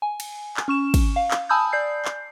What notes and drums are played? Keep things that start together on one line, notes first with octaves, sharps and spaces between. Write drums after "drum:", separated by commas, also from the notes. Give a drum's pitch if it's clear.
G#5
drum: cymbal
drum: clap
C#4 C#6 E7
drum: kick, cymbal
F5
drum: clap
G#5 A5 B5 D#6 E6 G6
D5 G6 C7
drum: clap